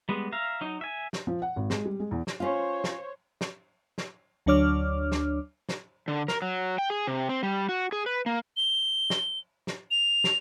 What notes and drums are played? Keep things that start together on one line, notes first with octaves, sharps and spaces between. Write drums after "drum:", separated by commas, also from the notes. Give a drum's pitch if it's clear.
G3 G#3 B3
E5 F5 A#5
F#3 D#4
E5 G#5
drum: snare
F3
F#5
G#1
G#3, drum: snare
G3
G#3
E2
drum: snare
C#4 F4 C5 C#5
drum: snare
drum: snare
drum: snare
D2 F#3 D4 C#5 D6 F6
drum: snare
drum: snare
D3
A#4, drum: snare
F#3
G5
G#4
C3
C4
G3
F#4
G#4
B4
A#3
G7
drum: snare
drum: snare
F7
drum: snare